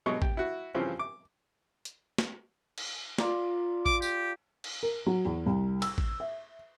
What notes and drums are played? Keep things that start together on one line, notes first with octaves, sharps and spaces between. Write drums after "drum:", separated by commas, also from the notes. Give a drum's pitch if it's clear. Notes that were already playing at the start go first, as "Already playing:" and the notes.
B2 F#3 G#3 D#5 C#6
G4, drum: kick A1
E4 F#4
G2 C#3 E3 F3 C4 C#4
D6
drum: hi-hat
drum: snare
drum: cymbal
F4 A#4 D5, drum: snare
D6, drum: kick A1
G4, drum: tambourine
drum: cymbal
A#4
F#3
E2
C2
E6, drum: cymbal
drum: kick A1
E5